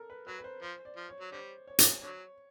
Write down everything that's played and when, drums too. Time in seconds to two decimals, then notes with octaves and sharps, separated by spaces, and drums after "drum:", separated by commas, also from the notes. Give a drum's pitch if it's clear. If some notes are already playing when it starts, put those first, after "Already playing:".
Already playing: A4 A#4
0.10 B4
0.27 F#3 B4
0.39 B4
0.44 C5
0.62 F3 C5
0.85 D5
0.96 F3
1.09 C#5
1.20 F#3
1.31 D3 G3 C5
1.67 C#5
1.79 drum: hi-hat
2.01 D3 F#3 C#5